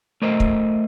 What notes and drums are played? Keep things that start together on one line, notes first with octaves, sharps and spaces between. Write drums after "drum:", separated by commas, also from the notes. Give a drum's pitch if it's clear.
A3 A#4 C5 D#5
drum: kick